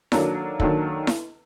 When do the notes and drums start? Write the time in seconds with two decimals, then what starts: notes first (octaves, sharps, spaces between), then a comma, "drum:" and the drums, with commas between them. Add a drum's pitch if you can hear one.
0.12 D#3 F#3 A#3 D4 A4, drum: snare E4
0.60 D#3 F#3 A#3 D4 A4, drum: kick
1.07 drum: snare E4